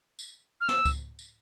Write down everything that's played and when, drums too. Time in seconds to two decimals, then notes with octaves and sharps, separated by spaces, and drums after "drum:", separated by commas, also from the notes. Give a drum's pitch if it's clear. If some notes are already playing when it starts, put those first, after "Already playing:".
0.19 drum: tambourine
0.61 F6
0.68 E6, drum: snare
0.85 drum: kick C#2, tambourine
1.19 drum: tambourine